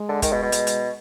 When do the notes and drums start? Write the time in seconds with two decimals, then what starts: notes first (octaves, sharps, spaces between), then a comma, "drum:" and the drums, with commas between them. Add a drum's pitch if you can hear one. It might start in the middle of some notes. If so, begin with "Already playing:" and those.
Already playing: G#3
0.08 D3
0.22 D#3, drum: kick, hi-hat
0.32 B2
0.42 B2
0.52 G#3, drum: hi-hat
0.67 drum: hi-hat